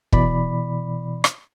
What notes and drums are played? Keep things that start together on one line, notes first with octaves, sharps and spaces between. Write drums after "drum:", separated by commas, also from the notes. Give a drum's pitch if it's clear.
B2 E3 D5 B5, drum: kick
drum: rim click